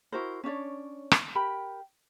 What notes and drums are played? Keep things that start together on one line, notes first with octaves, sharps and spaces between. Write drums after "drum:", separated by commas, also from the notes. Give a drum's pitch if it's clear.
E4 F#4 A#4 C5
C#4 D4 C#5 D5
drum: rim click
G4 A#4 G5 B5